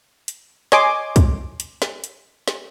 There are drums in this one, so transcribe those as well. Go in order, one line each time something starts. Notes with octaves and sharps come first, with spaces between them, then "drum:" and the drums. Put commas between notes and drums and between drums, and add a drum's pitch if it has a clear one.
drum: hi-hat
C#5 D#5 G#5 C6 D6, drum: snare
drum: kick, hi-hat
drum: hi-hat
drum: snare
drum: hi-hat
drum: snare